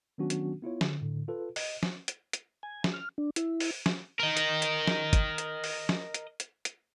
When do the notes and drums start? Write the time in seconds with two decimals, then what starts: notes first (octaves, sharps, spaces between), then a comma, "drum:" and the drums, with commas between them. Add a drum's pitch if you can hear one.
0.18 D#3 F#3 B3 C#4 D4 F#4
0.30 drum: hi-hat
0.62 B3 E4 F4 C#5
0.81 D3, drum: snare
1.02 A2 D3
1.28 F4 A4 B4
1.56 D#5, drum: open hi-hat
1.83 drum: snare
2.08 drum: hi-hat
2.33 drum: hi-hat
2.63 G#5
2.84 drum: snare
2.94 F6
3.18 D4
3.36 E4, drum: hi-hat
3.60 drum: open hi-hat
3.86 drum: snare
4.20 A#4 D#5
4.37 drum: hi-hat
4.62 drum: hi-hat
4.87 drum: snare
5.13 drum: kick, hi-hat
5.38 drum: hi-hat
5.64 drum: open hi-hat
5.89 drum: snare
6.14 drum: hi-hat
6.40 drum: hi-hat
6.65 drum: hi-hat